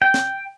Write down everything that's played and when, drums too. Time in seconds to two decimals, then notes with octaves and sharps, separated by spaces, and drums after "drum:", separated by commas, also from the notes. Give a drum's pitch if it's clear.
0.02 G5
0.14 drum: snare